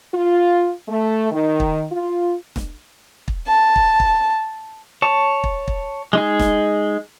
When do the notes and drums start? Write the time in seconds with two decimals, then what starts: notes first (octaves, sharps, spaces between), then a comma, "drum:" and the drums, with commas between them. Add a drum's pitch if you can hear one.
0.13 F4
0.88 A3
1.31 D#3
1.60 drum: kick
1.91 F4
2.56 drum: snare E1
3.28 drum: kick
3.47 A5
3.76 drum: kick
4.00 drum: kick
5.02 C#5 A5
5.44 drum: kick
5.68 drum: kick
6.13 G#3 D#4 G#4
6.39 drum: snare E1